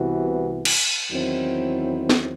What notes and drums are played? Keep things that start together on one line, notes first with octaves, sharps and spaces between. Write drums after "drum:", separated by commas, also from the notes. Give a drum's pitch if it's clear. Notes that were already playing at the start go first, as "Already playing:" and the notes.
Already playing: C2 C3 E3 B3 F#4
drum: cymbal
E2 D#3 F#3 C4 E4
drum: snare